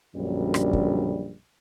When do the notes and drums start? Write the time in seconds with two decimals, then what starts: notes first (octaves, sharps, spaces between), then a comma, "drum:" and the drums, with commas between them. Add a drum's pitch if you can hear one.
0.16 A#1 F#2 B2 D3 F#3 G3
0.54 drum: rim click
0.73 drum: kick